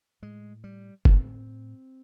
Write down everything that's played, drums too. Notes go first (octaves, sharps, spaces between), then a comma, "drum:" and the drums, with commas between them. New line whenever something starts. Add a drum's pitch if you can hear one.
A2 G#3
G3
A2 C4, drum: kick F#1